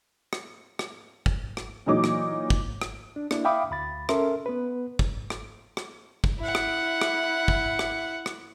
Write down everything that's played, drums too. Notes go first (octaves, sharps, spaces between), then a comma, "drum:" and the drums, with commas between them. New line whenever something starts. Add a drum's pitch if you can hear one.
drum: rim click
drum: rim click
drum: kick
drum: rim click
A#2 E3 F#3 D#4 C#5 D6
drum: rim click
drum: kick
drum: rim click
D4
A#3 D4 E4, drum: rim click
E5 F5 G5 B5 D6 D#6
D2 B5 A6
C#4 A4 A#4 E5 C6, drum: rim click
B3 B4
drum: kick
drum: rim click
drum: rim click
drum: kick
E4 F#5
drum: rim click
drum: rim click
drum: kick
drum: rim click
drum: rim click